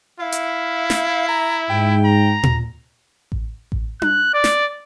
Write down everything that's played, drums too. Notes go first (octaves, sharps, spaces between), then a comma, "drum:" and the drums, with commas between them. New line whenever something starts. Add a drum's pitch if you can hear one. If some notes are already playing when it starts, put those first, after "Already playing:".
E4 F5
drum: hi-hat
drum: snare
A#5
G#2 G5
A#5
drum: tom A#2
drum: kick A1
drum: kick A1
F#6, drum: tom D4
D5
drum: snare